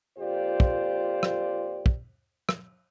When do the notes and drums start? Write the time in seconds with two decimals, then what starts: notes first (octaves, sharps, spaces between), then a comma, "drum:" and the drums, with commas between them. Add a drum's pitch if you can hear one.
0.18 F2 A#2 F4 G4 C5 D5
0.60 drum: kick
1.23 drum: rim click
1.86 drum: kick
2.49 drum: rim click